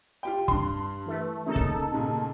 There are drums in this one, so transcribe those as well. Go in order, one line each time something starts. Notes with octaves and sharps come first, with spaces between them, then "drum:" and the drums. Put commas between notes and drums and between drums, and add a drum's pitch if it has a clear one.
F4 G4 G5
G2 C6, drum: kick
E3 A3
C#3 A#3 C#4 D#4 A4
drum: kick
D#2 A#2 C#3